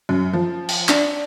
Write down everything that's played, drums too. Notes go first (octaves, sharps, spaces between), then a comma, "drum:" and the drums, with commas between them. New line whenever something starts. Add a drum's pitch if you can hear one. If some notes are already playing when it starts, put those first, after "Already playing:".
F#2
F3
drum: cymbal
D4, drum: clap